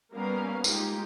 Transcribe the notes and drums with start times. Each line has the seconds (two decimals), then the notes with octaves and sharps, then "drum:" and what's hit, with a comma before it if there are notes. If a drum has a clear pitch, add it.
0.14 G3 A#3 B3 C#4 A#4 F5
0.64 G#3 A#3 D#4 F4 G4, drum: tambourine